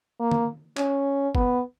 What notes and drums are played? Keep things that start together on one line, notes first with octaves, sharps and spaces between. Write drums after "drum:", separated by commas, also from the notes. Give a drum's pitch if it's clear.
A#3
drum: tom D3
C#4, drum: clap
B3, drum: kick